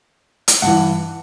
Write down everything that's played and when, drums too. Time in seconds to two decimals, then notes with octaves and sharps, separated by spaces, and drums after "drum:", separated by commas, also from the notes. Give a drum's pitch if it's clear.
0.48 drum: hi-hat
0.62 G2 E3 F#5